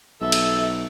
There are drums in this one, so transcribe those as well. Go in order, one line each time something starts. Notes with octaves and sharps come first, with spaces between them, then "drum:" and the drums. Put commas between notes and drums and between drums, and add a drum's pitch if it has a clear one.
B1 A4 E5
drum: cymbal